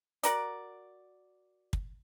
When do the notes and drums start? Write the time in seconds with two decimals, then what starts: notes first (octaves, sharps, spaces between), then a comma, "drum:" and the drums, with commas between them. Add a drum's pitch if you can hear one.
0.23 F#4 A#4 D5, drum: hi-hat
1.73 drum: kick